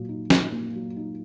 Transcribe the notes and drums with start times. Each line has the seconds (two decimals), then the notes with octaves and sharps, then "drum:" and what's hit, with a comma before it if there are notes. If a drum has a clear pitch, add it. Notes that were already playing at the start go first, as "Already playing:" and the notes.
Already playing: A#2 F#3 A#3
0.09 D#4
0.30 D#4, drum: snare
0.52 A#3
0.75 F#3
0.96 D#4